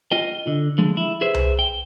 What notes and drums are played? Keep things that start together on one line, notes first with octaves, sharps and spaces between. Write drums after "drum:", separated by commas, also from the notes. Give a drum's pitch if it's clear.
F4 D#5 G5
D3
D3 F3 G#3
E4
G#4 B4 C5 E5
drum: tom C2
G5